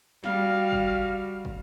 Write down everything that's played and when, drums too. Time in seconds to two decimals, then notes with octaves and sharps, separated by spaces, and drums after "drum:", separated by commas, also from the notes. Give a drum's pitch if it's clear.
0.24 G3 F#4 F5, drum: snare
0.72 drum: kick
1.45 drum: kick